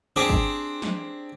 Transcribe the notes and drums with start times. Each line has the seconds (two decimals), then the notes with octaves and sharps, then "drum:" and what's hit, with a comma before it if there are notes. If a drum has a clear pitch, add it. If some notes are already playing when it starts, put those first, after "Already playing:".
0.16 C4 D4 G4 G#4
0.29 drum: kick
0.82 drum: snare E3